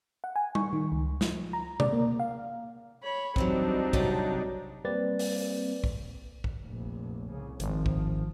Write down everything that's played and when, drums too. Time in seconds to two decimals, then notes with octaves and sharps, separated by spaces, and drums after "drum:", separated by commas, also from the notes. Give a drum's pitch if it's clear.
0.24 F#5
0.36 G#5
0.55 C#6, drum: tom G3
0.73 D#3
0.92 C#2
1.21 F3, drum: snare
1.53 A#5
1.80 D5, drum: tom B2
1.93 A#3
2.20 F5
3.02 C#5 B5
3.36 G2 C3 E3 F#3 C4 D4 D#4, drum: kick
3.93 C3 F#3 A4, drum: kick
4.85 G3 A#3 C4 B4 D5 A6
5.19 drum: open hi-hat
5.84 drum: kick
6.44 drum: kick
6.62 F1 A#1
7.30 C2 C#3
7.60 G#1 F3, drum: hi-hat
7.86 drum: kick